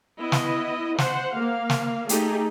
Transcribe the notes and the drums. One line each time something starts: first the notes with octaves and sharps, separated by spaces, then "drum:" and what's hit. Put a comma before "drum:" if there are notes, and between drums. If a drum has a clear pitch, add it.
B3 E4 D#5
drum: snare
C5 F#5, drum: snare
A#3 F5
drum: snare
A3 D#4 G4 G#4, drum: hi-hat